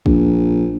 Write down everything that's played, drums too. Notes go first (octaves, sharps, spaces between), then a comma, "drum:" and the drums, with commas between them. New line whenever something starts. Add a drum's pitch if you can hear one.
A#1, drum: kick